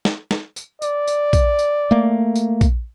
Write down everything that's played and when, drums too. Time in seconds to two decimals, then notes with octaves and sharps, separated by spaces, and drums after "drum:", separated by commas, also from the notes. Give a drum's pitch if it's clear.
0.05 drum: snare
0.31 drum: snare
0.56 drum: tambourine
0.82 D5, drum: tambourine
1.07 drum: tambourine
1.33 drum: kick A#1, tambourine
1.59 drum: tambourine
1.91 A3 A#3
2.35 drum: tambourine
2.61 drum: kick A#1, tambourine